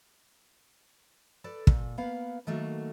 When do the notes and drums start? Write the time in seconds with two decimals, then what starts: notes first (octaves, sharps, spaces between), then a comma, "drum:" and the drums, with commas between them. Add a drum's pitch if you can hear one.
1.44 A4 B4 D5
1.67 A#2, drum: kick
1.98 A#3 B3 B4 F5
2.47 D#3 F#3 A3 A#3 F#4